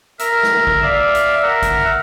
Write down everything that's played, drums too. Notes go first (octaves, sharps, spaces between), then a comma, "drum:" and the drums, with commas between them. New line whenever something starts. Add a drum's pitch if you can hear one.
A#4 E5, drum: hi-hat
drum: snare
drum: kick
D5 E5 F5
drum: hi-hat
A#4 E5 F#5
drum: kick, hi-hat